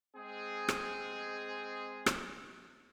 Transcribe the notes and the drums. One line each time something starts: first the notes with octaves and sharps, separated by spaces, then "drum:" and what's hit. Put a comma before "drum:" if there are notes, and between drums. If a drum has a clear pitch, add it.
G#3 C4 G#4
drum: rim click
drum: rim click